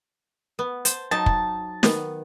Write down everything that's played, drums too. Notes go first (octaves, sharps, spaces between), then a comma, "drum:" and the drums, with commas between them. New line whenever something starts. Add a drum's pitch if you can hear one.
B3
C5 A5, drum: hi-hat
F#3 D#4 A5
drum: kick
D#3 B3, drum: snare